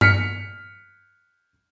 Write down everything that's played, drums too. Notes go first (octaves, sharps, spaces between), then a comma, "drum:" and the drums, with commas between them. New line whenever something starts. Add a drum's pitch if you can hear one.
F6 B6 C#7, drum: tom G2